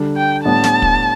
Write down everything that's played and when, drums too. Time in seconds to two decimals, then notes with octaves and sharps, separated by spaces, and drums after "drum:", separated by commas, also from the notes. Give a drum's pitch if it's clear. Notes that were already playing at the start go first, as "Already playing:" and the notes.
Already playing: D3 G3 D4
0.17 G5
0.45 A2 G3 B3 D4 A5
0.64 drum: snare
0.82 drum: kick